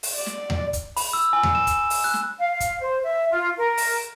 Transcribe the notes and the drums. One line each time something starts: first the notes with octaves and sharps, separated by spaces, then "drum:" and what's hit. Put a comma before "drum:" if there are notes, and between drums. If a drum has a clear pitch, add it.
drum: open hi-hat
D5
drum: snare
drum: tom D#2
drum: kick, hi-hat
B5, drum: open hi-hat
E6
G#5
drum: tom D#2
E7
drum: kick, hi-hat
drum: open hi-hat
F#6
drum: snare
F5
drum: kick, hi-hat
C5
E5
F4
A#4
drum: open hi-hat